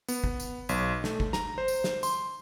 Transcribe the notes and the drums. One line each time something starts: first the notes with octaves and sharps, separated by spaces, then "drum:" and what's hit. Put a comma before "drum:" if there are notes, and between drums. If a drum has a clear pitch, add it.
B3, drum: tambourine
drum: kick
drum: tambourine
B1, drum: tambourine
A3, drum: snare
drum: kick
A#5, drum: snare
C5
drum: tambourine
drum: snare
C6, drum: tambourine